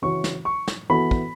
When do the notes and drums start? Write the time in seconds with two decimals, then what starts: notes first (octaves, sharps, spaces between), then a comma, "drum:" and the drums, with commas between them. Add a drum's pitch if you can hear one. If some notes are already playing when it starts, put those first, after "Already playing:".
0.02 C#3 E3 C#4 F#4 C#6
0.24 drum: snare
0.45 C#6
0.68 drum: snare
0.90 E3 B3 F#4 A4 B5
1.11 drum: kick